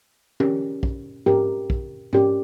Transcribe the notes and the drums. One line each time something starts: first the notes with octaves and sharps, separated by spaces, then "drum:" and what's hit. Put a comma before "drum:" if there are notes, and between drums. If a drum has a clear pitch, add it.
C#4 G4 A#4, drum: tom
drum: kick A#1
C#4 G4 A#4, drum: tom G#2
drum: kick A#1
C#4 G4 A#4, drum: tom G#2